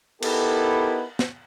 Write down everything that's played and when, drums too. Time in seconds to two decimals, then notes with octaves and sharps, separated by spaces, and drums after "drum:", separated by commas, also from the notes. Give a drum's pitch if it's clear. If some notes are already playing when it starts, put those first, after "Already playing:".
0.22 B3 D#4 E4 G4 A4 A#4, drum: cymbal
1.19 drum: snare